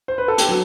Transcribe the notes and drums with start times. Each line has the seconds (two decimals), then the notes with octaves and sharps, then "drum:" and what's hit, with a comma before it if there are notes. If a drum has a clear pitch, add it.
0.08 C5
0.18 B4
0.28 A4
0.38 G4, drum: hi-hat
0.49 F#3